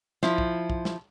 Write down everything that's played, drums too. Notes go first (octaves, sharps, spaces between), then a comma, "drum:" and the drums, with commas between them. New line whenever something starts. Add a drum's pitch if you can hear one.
F3 E4, drum: snare
drum: kick
drum: kick
drum: snare